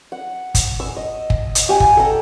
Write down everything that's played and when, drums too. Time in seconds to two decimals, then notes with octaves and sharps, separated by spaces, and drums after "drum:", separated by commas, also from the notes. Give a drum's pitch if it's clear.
0.12 F#5
0.55 drum: kick, hi-hat
0.80 E6
0.97 D#5
1.30 drum: kick
1.55 drum: hi-hat
1.69 G4 F#5 G#5
1.80 drum: kick
1.97 A4 A#5